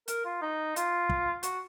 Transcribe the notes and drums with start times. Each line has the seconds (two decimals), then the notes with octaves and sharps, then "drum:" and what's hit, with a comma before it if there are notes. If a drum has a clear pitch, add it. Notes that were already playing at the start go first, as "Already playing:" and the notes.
0.08 A#4, drum: hi-hat
0.25 F4
0.42 D#4
0.76 F4, drum: hi-hat
1.09 drum: kick
1.43 F#4, drum: hi-hat